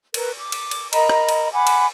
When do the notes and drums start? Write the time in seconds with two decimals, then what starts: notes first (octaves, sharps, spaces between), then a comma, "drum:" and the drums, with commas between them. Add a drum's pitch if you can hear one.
0.14 A#4 B4, drum: cymbal
0.38 D6
0.52 drum: cymbal
0.71 drum: cymbal
0.93 A#4 D#5 A#5 B5, drum: cymbal
1.10 drum: rim click
1.29 drum: cymbal
1.53 F#5 G#5 B5 D6
1.67 drum: cymbal